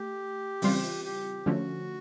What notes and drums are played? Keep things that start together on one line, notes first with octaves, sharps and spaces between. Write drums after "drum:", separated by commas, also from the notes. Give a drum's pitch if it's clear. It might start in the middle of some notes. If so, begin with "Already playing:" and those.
Already playing: A3 G4
C#3 E3 G3 C4 F4, drum: open hi-hat
G4
D3 F3 A3 C#4 F#4